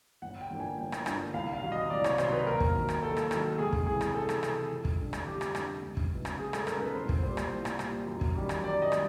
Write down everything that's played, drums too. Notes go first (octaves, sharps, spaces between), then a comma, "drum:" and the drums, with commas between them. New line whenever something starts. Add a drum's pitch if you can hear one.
G1 F#5
G5
G2 D3 F3 A#3
G#5
G1 G5
drum: rim click
G2 D3 F3 A#3, drum: rim click
C2 F5
F5
C3 D#3 F#3
D#5
C2 D5
C#5, drum: rim click
C3 D#3 F#3 C5, drum: rim click
B4
D#2 A#4
drum: kick
D#3 F#3
drum: rim click
D#2 A4
drum: rim click
D#3 F#3, drum: rim click
C#2 G#4
drum: kick
C3 E3 G#4
drum: rim click
C#2 A4
drum: rim click
C3 E3, drum: rim click
F2
drum: kick
D3 G3
drum: rim click
F2 G4
drum: rim click
D3 G3, drum: rim click
C#2
drum: kick
C#3 F#3 B3 D#4
drum: rim click
C#2 G#4
A4, drum: rim click
C#3 F#3 B3 D#4 A#4, drum: rim click
B4
C2 C5
drum: kick
A#2 G3 C5
drum: rim click
C2
drum: rim click
A#2 G3, drum: rim click
F#2
drum: kick
D#3 G3
drum: rim click
F#2 D5
D#5
D#3 G3, drum: rim click